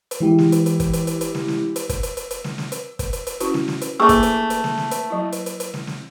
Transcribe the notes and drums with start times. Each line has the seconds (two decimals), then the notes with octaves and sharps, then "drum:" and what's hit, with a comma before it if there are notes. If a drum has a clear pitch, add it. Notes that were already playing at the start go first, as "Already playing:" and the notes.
0.11 drum: hi-hat
0.21 E3 G#3 E4 G4
0.38 drum: snare
0.52 drum: hi-hat
0.66 drum: hi-hat
0.80 drum: kick, hi-hat
0.93 drum: hi-hat
1.07 drum: hi-hat
1.21 drum: hi-hat
1.35 drum: snare
1.48 drum: snare
1.76 drum: hi-hat
1.89 drum: kick, hi-hat
2.03 drum: hi-hat
2.17 drum: hi-hat
2.31 drum: hi-hat
2.44 drum: snare
2.58 drum: snare
2.72 drum: hi-hat
2.99 drum: kick, hi-hat
3.13 drum: hi-hat
3.27 drum: hi-hat
3.40 C#4 E4 F#4, drum: hi-hat
3.54 drum: snare
3.68 drum: snare
3.81 drum: hi-hat
4.00 E3 A3 A#3 G#4 C#6 E6
4.09 drum: kick, hi-hat
4.23 drum: hi-hat
4.50 drum: hi-hat
4.64 drum: snare
4.78 drum: snare
4.91 drum: hi-hat
5.10 F#3 E4
5.32 drum: hi-hat
5.46 drum: hi-hat
5.60 drum: hi-hat
5.74 drum: snare
5.87 drum: snare